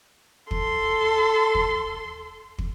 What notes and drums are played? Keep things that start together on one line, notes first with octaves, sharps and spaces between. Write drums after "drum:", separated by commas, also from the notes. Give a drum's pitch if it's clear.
A4 C6, drum: kick
drum: kick
drum: kick